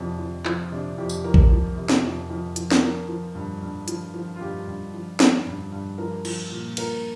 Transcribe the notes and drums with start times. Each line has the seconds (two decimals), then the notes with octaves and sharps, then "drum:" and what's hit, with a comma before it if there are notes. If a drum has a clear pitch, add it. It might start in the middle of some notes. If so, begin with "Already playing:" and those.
Already playing: F2 C3 D4
0.19 F2
0.45 F3 C4, drum: clap
0.72 C3 D4
0.98 F2 G4
1.09 drum: tambourine
1.24 F2 A#4
1.34 drum: kick B1
1.51 F3
1.77 C3
1.89 drum: snare
2.03 F2
2.30 F2
2.56 F3, drum: hi-hat
2.71 drum: snare
2.82 F3 A#4
3.09 F3
3.35 G2
3.62 G2
3.88 F3, drum: hi-hat
4.14 F3
4.36 F4
4.41 G2 G4
4.67 G2
4.94 F3
5.20 F3, drum: snare
5.46 G2
5.72 G2
5.98 F3 A#4
6.25 F3, drum: cymbal
6.51 A#2
6.77 A#2 A#4, drum: cymbal